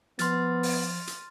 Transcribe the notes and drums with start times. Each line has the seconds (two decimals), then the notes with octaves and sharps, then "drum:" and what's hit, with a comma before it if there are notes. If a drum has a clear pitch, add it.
0.19 F3 B3 C6 F6 A6, drum: hi-hat
0.63 drum: open hi-hat
1.07 drum: hi-hat